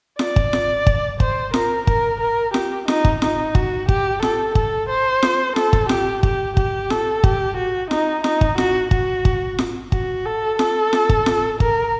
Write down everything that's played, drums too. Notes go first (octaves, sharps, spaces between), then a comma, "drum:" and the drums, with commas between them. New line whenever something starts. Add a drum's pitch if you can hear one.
D5, drum: snare F4
drum: kick
drum: snare F4
drum: kick
C5, drum: kick
A#4, drum: snare F4
A#4, drum: kick
A#4
G4, drum: snare F4
D#4, drum: snare F4
drum: kick
D#4, drum: snare F4
F#4, drum: kick
G4, drum: kick
A4, drum: snare F4
A4, drum: kick
C5
drum: snare F4
A4, drum: snare F4
drum: kick
G4, drum: snare F4
G4, drum: kick
G4, drum: kick
A4, drum: snare F4
G4, drum: kick
F#4
D#4, drum: snare F4
D#4, drum: snare F4
drum: kick
F#4, drum: snare F4
F#4, drum: kick
drum: kick
drum: snare F4
F#4, drum: kick
A4
A4, drum: snare F4
drum: snare F4
drum: kick
drum: snare F4
A#4, drum: kick